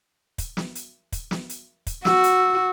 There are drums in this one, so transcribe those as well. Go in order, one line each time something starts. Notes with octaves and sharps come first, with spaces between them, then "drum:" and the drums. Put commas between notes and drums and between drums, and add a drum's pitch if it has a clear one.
drum: kick, hi-hat
drum: snare
drum: hi-hat
drum: kick, hi-hat
drum: snare
drum: hi-hat
drum: kick, hi-hat
F#4 E6, drum: snare
drum: hi-hat